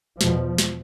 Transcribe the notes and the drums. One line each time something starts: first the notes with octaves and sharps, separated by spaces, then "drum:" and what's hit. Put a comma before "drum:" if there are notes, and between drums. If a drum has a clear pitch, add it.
E2 B2 F3, drum: snare
drum: snare